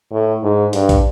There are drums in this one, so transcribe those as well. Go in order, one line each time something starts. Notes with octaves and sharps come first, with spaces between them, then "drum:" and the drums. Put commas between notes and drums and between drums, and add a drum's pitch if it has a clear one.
A2
G#2
G2, drum: hi-hat
drum: kick, hi-hat